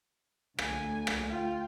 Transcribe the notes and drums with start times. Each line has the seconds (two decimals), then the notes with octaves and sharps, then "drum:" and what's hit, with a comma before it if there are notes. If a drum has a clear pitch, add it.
0.59 D2 G#5, drum: rim click
1.07 drum: rim click
1.28 F4 G5